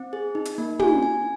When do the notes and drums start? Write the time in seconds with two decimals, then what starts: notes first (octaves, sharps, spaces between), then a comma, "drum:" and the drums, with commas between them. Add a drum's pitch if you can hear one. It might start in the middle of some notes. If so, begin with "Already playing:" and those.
Already playing: C4
0.13 G#4
0.35 D#4
0.45 drum: hi-hat
0.58 A#3
0.80 G#5, drum: tom
1.03 G#5